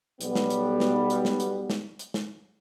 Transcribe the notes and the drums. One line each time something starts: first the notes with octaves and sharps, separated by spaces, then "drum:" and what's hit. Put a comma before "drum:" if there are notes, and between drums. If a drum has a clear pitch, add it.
B1 G3 B3, drum: hi-hat
drum: snare
drum: hi-hat
drum: snare
drum: hi-hat
drum: snare
drum: hi-hat
drum: snare
drum: hi-hat
drum: snare